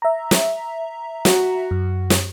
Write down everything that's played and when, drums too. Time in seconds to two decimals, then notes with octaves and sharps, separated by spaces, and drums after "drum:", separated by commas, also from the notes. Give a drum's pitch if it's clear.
0.02 E5 A#5
0.31 drum: snare
1.25 F#4, drum: snare
1.71 F#2
2.10 drum: snare